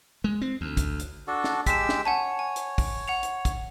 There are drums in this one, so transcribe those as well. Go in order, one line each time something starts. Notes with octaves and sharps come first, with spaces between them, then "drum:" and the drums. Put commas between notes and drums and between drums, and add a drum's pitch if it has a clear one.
G#3
C4
D2
drum: kick, hi-hat
drum: hi-hat
D4 F#4 A4
drum: snare
G#3 G4 E6 B6 E7, drum: kick, hi-hat
drum: snare
C#5 F#5 G#5 A5
G#5
drum: hi-hat
drum: kick, open hi-hat
F#5 C#7 F7
drum: hi-hat
drum: kick, hi-hat